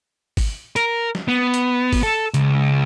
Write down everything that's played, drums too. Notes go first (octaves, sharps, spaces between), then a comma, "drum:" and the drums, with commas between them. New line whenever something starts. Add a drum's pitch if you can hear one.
drum: kick, open hi-hat
A#4, drum: hi-hat
drum: snare
B3
drum: hi-hat
drum: kick, open hi-hat
A4
C#2, drum: hi-hat